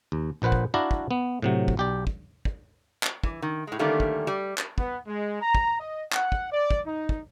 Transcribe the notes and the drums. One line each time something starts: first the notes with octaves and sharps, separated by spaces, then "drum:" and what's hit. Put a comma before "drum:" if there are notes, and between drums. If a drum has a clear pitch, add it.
D#2
A#1 A#2 B4 C5 F#5
drum: kick
D4 E4 F#4 D5 F5 A#5
drum: kick
B3
A2 C3 F#3
drum: kick
B1 G4 D5
drum: kick
drum: kick
drum: clap
E3, drum: kick
D#3
A2 G#3
D3 D#3 G3 A3 A#3 C#4
drum: kick
G3
drum: clap
B3, drum: kick
G#3
A#5
drum: kick
D#5
F#5, drum: clap
drum: kick
D5
drum: kick
D#4
drum: kick